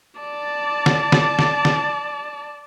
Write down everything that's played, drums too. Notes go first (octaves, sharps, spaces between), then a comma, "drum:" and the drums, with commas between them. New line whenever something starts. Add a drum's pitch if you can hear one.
D5 A5
drum: snare
drum: snare
drum: snare
drum: snare